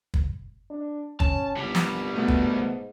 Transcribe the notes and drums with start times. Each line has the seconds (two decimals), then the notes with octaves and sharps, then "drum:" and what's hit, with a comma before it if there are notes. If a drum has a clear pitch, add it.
0.14 drum: kick
0.70 D4
1.20 C#4 A5, drum: kick
1.57 G1 C2 G3
1.75 drum: snare
2.14 B2 A3 B3
2.28 drum: kick
2.50 G#2